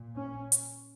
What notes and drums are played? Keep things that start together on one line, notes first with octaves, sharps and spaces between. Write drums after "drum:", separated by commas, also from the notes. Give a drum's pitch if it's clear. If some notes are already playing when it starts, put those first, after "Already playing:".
Already playing: A#2
C#4
drum: hi-hat